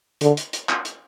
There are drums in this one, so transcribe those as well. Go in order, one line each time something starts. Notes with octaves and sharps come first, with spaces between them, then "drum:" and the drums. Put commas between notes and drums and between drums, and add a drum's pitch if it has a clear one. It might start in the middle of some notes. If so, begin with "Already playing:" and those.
D3, drum: hi-hat
drum: hi-hat
drum: hi-hat
drum: clap
drum: hi-hat